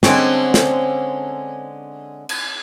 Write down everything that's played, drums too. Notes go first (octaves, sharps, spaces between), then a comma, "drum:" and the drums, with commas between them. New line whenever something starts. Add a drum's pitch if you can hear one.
D3 G#3 C4 C#4, drum: snare
drum: snare
drum: cymbal